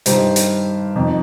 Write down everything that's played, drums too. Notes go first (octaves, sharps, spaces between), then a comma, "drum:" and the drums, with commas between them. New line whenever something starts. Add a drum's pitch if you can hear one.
G2 D#3 G4 C5, drum: hi-hat
drum: hi-hat
F2 D#3